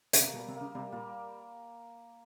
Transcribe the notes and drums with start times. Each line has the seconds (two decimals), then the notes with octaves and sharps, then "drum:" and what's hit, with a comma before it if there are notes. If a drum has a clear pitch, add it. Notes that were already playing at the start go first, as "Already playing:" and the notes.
0.13 C#3, drum: hi-hat
0.21 C3 A#3
0.34 B2
0.39 G3
0.48 C3
0.57 C#3 A#3
0.75 C3 G3
0.92 A#2 A#3